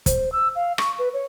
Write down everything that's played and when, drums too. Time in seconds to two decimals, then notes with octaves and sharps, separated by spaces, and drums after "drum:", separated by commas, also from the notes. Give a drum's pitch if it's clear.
0.06 C5, drum: kick, hi-hat
0.32 E6
0.55 F5
0.78 C#6, drum: rim click
0.99 B4
1.14 C#5